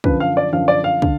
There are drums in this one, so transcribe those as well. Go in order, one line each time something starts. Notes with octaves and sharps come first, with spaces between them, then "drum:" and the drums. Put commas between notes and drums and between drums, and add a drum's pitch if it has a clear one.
F#2 D3 F3 B4, drum: kick
F5
D5
F#2 D3 F3 F5
D5
F5
D3, drum: kick